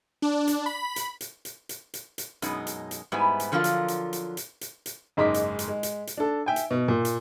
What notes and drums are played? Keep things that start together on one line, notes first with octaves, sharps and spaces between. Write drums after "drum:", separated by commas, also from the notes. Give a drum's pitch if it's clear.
D4
drum: hi-hat
B5
drum: hi-hat
drum: hi-hat
drum: hi-hat
drum: hi-hat
drum: hi-hat
drum: hi-hat
F#2 B2 G#3 D#4, drum: hi-hat
drum: hi-hat
drum: hi-hat
G#2 G3 B3 E4 G#5
drum: hi-hat
D3 F3 F#3 E4 F4 A#4
drum: hi-hat
drum: hi-hat
drum: hi-hat
drum: hi-hat
drum: hi-hat
drum: hi-hat
F#1 G#2 G#3 D#5 D6 B6
drum: hi-hat
drum: hi-hat
G#3
drum: hi-hat
drum: hi-hat
D4 A4
E5 G5 G#5
drum: hi-hat
B2
A#2
drum: hi-hat